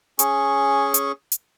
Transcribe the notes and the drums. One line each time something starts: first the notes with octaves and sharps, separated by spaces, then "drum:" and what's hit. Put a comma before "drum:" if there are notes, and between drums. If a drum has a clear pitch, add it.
C#4 G#4 C#6, drum: hi-hat
drum: hi-hat
drum: hi-hat